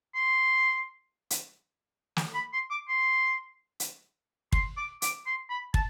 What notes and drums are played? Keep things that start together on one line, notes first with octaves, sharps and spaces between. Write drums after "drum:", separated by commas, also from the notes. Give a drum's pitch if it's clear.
C6
drum: hi-hat
drum: snare
B5
C6
D6
C6
drum: hi-hat
C6, drum: kick
D6
D6, drum: hi-hat
C6
B5
A5, drum: kick